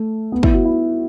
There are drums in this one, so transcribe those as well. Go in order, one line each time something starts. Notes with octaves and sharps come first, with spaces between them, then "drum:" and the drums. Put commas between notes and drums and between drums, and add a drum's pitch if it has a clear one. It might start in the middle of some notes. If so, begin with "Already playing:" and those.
Already playing: A3
B3
E4, drum: kick
F#4
E4